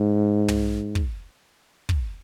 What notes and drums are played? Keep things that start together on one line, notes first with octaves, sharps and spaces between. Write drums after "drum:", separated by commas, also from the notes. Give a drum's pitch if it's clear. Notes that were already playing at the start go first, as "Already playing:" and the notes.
Already playing: G#2
drum: tom
drum: kick
drum: kick